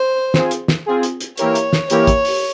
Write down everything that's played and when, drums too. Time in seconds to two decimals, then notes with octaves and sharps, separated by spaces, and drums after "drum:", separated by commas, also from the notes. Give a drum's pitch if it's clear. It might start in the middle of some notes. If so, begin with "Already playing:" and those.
Already playing: C5
0.34 C4 F4 G#4, drum: snare
0.51 drum: hi-hat
0.68 drum: snare
0.86 C4 F4 G#4
1.03 drum: hi-hat
1.21 drum: hi-hat
1.37 E3 A#3 E4 G4 A#4 C#5, drum: hi-hat
1.55 drum: hi-hat
1.73 drum: snare
1.90 E3 A#3 E4 G4 A#4 C#5, drum: hi-hat
2.07 drum: kick, hi-hat
2.25 drum: open hi-hat